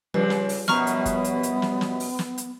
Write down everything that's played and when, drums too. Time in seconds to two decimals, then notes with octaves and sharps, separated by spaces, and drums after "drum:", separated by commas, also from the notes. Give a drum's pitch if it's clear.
0.14 C#3 F3 G3 C4 D4 B4
0.30 drum: snare
0.49 drum: open hi-hat
0.68 F#2 B2 B3 A#5 C#6 F6, drum: snare
0.87 drum: hi-hat
1.06 drum: kick, hi-hat
1.24 drum: hi-hat
1.43 drum: hi-hat
1.62 drum: snare
1.81 drum: snare
2.00 drum: open hi-hat
2.19 drum: snare
2.38 drum: hi-hat